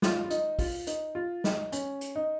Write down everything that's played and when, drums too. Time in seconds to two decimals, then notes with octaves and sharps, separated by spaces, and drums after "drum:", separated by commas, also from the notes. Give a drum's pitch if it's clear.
0.02 F4, drum: snare
0.24 F4
0.30 D#4, drum: hi-hat
0.59 F4, drum: kick, open hi-hat
0.87 D#4, drum: hi-hat
1.15 F4
1.44 D#4, drum: snare
1.72 C#4, drum: hi-hat
2.01 drum: hi-hat
2.16 D#4